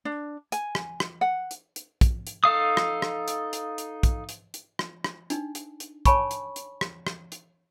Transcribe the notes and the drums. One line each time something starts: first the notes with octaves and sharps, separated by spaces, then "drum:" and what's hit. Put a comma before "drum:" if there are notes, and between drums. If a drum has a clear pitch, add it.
D4
G#5, drum: hi-hat
drum: rim click
drum: rim click
F#5
drum: hi-hat
drum: hi-hat
drum: kick, hi-hat
drum: hi-hat
D#4 A4 F5 D#6
drum: rim click
drum: rim click
drum: hi-hat
drum: hi-hat
drum: hi-hat
drum: kick, hi-hat
drum: hi-hat
drum: hi-hat
drum: rim click
drum: rim click
D4 D#4, drum: hi-hat
drum: hi-hat
drum: hi-hat
C#5 G#5 A5 B5 C#6, drum: kick, hi-hat
drum: hi-hat
drum: hi-hat
drum: rim click
drum: rim click
drum: hi-hat